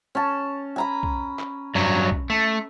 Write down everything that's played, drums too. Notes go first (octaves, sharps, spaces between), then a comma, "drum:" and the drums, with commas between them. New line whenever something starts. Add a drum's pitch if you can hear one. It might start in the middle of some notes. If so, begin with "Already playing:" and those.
C#4 A5
G#5 A#5 B5
drum: kick
drum: clap
G2 F#3
drum: kick
A3